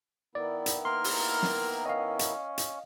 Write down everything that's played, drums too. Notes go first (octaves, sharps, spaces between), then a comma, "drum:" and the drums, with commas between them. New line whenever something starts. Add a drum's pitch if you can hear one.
D#3 B3 E4 D5
drum: hi-hat
A#3 A#4 C6 F6
drum: open hi-hat
drum: snare
C#4 D#5 F5
drum: hi-hat
drum: hi-hat